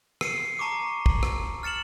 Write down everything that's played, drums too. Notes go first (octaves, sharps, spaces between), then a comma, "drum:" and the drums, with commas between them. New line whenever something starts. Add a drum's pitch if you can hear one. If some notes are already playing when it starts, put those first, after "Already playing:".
C7 C#7 D#7, drum: rim click
A5 A#5 C#6 D6
drum: kick
drum: rim click
F6 A6 C#7 E7 F#7